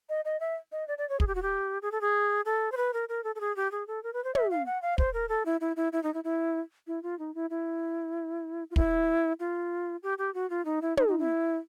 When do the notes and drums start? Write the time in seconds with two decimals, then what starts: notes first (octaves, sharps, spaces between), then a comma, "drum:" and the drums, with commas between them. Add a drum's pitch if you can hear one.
0.09 D#5
0.25 D#5
0.40 E5
0.72 D#5
0.88 D5
0.98 D5
1.09 C#5
1.20 G#4, drum: kick
1.27 G4
1.35 F#4
1.42 G4
1.82 G#4
1.92 A4
2.01 G#4
2.45 A4
2.72 C5
2.77 B4
2.93 A#4
3.09 A#4
3.24 A4
3.35 A4
3.40 G#4
3.56 G4
3.72 G#4
3.87 A4
4.03 A#4
4.14 B4
4.24 C5
4.35 E5, drum: tom
4.51 F5
4.66 F#5
4.82 F5
4.98 C5, drum: kick
5.14 A#4
5.29 A4
5.46 E4
5.61 E4
5.76 E4
5.93 E4
6.03 D#4
6.14 E4
6.24 E4
6.87 E4
7.03 F4
7.19 D#4
7.35 E4
7.50 E4
8.71 F4
8.76 E4, drum: kick
9.40 F4
10.03 G4
10.18 G4
10.34 F#4
10.50 F4
10.65 D#4
10.82 E4
10.97 D#4, drum: tom
11.08 D#4
11.19 E4